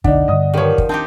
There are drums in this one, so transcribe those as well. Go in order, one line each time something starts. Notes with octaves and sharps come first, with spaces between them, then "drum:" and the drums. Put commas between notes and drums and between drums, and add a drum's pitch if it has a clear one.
F1 B1 D3 D4 D#4 D5 F#5, drum: kick
G2 D3 D#5 D#6
D#3 F3 G4 B4 C#5
drum: kick
C4 D4 D#4 G4 A5